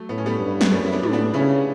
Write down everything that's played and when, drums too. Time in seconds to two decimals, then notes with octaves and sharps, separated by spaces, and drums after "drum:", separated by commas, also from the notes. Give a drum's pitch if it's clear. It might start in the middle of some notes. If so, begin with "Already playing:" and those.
Already playing: F#3 A3
0.09 A2 B3
0.18 C#4
0.26 G3 B3
0.40 G2
0.61 A3, drum: snare
0.71 F#2 G3 B3
0.86 E4
0.92 B3 D4
1.03 A2, drum: tom
1.13 B3 D4
1.33 C#3 C#4 E4